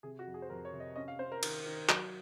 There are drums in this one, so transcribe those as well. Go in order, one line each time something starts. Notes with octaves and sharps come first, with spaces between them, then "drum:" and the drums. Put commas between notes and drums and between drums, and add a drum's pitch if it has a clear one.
C3 G#4
F#4
F2
G#4
C5
F2 A#4
C#5
C3
D#5
C#4 D#5
F5
C#4 C5
A#4
D#3, drum: cymbal
D#3
F#3, drum: clap